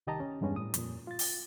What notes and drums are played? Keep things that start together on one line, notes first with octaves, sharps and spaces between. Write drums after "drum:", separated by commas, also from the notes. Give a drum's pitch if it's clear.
C2 D#3 G4 D#5 A5 A#5
C#4
E2 G2 G#3 B3 C#4
A2 G3 D#6
F2 A#2, drum: hi-hat
F4 A6
drum: open hi-hat